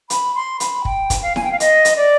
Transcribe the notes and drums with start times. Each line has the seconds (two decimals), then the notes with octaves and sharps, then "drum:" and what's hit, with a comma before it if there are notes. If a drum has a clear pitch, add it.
0.10 B5, drum: hi-hat
0.35 C6
0.60 B5, drum: hi-hat
0.85 G5, drum: kick
1.10 drum: kick, hi-hat
1.22 F5
1.36 G#5, drum: snare E4
1.44 G5
1.52 F5
1.60 D#5, drum: hi-hat
1.85 drum: hi-hat
1.97 D5